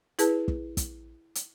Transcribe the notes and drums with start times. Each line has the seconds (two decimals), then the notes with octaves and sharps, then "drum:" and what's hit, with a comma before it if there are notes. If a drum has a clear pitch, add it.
0.19 E4 G#4 B4 A5, drum: hi-hat
0.48 drum: kick
0.77 drum: kick, hi-hat
1.35 drum: hi-hat